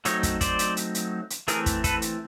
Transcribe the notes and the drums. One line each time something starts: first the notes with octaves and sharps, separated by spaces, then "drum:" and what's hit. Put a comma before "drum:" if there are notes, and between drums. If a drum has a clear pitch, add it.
F#3 A3 C4 D#4 C#5 D#5, drum: hi-hat
drum: kick, hi-hat
C5 D5, drum: kick, hi-hat
drum: hi-hat
drum: hi-hat
drum: hi-hat
drum: hi-hat
E3 A3 C4 G#4 A#4, drum: hi-hat
drum: kick, hi-hat
A4 B4, drum: kick, hi-hat
drum: hi-hat